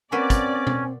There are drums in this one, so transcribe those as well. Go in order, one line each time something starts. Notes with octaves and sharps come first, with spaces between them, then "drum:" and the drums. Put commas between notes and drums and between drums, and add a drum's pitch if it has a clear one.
A#3 C4 C#4 F#4 B4 D5
drum: kick, hi-hat
drum: tom B2